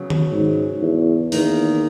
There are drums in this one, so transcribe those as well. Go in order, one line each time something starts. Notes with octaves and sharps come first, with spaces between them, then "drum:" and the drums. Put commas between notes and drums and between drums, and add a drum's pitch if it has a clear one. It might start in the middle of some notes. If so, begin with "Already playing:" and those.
Already playing: C#3 F#3 B3
drum: tom D#3
G#2
E2
E2 D#3 A#3 D#4, drum: open hi-hat